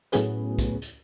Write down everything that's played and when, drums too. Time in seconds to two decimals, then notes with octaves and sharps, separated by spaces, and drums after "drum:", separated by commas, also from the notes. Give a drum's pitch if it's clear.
0.12 A2 F#3 B3 C#4 G#4 B4, drum: hi-hat
0.59 drum: kick, hi-hat
0.82 drum: hi-hat